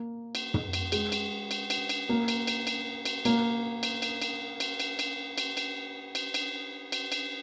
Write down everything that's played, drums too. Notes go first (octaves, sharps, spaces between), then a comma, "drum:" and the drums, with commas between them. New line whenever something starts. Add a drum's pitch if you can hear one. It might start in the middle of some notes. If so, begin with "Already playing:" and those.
Already playing: A#3
drum: cymbal
drum: tom
drum: cymbal
G#3, drum: cymbal
drum: cymbal
drum: cymbal
drum: cymbal
drum: cymbal
A#3
drum: cymbal
drum: cymbal
drum: cymbal
drum: cymbal
A#3, drum: cymbal
drum: cymbal
drum: cymbal
drum: cymbal
drum: cymbal
drum: cymbal
drum: cymbal
drum: cymbal
drum: cymbal
drum: cymbal
drum: cymbal
drum: cymbal
drum: cymbal